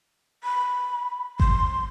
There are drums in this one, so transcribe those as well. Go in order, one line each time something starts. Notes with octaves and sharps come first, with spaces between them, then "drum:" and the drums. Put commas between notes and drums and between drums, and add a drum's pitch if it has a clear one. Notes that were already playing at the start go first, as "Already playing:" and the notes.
B5
C6, drum: kick G#1